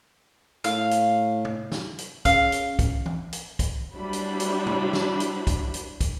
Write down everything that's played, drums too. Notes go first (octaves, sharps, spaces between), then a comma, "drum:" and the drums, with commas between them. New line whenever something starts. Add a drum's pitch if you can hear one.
A2 F5, drum: hi-hat
drum: hi-hat
drum: tom
drum: snare
drum: hi-hat
C#3 F5, drum: kick, hi-hat
drum: hi-hat
drum: kick, hi-hat
drum: tom E3
drum: hi-hat
drum: kick, hi-hat
F#3 G3 D4 E4 C5 B5
drum: hi-hat
drum: hi-hat
drum: tom
drum: snare
drum: hi-hat
drum: kick, hi-hat
drum: hi-hat
drum: kick, hi-hat